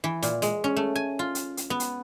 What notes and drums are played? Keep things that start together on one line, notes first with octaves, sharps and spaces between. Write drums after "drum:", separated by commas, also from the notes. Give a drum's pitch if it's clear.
E3
A#2, drum: hi-hat
G#3, drum: hi-hat
C#4
A3
G#5
F4
drum: hi-hat
drum: hi-hat
B3
drum: hi-hat